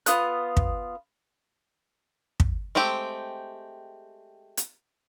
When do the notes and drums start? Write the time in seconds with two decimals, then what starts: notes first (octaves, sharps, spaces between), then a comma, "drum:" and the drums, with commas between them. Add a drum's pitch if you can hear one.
0.06 B3 F4 D#6 F#6, drum: hi-hat
0.57 drum: kick
2.40 drum: kick
2.75 G#3 A3 C4 G4
4.57 drum: hi-hat